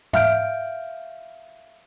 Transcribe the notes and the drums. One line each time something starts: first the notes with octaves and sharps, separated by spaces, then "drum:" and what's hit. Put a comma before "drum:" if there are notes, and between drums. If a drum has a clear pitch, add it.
E5 F5 F6 G6 D7, drum: tom G#2